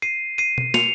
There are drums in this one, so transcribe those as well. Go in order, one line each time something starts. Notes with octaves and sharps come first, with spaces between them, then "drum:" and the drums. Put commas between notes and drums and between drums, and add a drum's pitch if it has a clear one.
C7 D#7
C7 D#7
drum: tom B2
C#7 F7, drum: snare